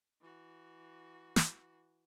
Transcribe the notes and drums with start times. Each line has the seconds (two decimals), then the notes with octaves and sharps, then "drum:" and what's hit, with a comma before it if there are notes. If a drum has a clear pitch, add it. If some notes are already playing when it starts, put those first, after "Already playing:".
0.21 E3 F#4
1.36 drum: snare